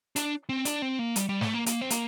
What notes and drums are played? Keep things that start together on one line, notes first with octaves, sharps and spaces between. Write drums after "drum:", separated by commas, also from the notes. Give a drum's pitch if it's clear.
D4, drum: hi-hat
C4
D4, drum: hi-hat
C4
A#3
G3, drum: hi-hat
G3
A3, drum: snare
A#3
A#3, drum: hi-hat
C4
A#3, drum: hi-hat